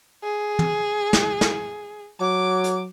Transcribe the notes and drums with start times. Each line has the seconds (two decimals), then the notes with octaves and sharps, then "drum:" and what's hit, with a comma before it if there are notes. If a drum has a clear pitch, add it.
0.23 G#4
0.59 drum: tom
1.13 drum: snare
1.41 drum: snare
2.20 F#3 D6
2.64 drum: hi-hat